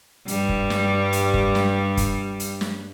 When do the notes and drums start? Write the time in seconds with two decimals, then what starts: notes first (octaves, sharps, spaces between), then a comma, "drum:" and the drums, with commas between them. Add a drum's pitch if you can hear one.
0.28 G2 G3, drum: hi-hat
0.49 drum: kick
0.70 drum: snare
1.13 drum: hi-hat
1.34 drum: kick
1.55 drum: snare
1.97 drum: kick, hi-hat
2.40 drum: hi-hat
2.61 drum: snare